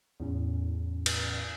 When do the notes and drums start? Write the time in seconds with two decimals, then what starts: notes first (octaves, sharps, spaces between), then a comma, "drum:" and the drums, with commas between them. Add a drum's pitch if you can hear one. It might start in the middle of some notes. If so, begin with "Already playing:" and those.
0.20 E2 A2 C#4
1.06 drum: cymbal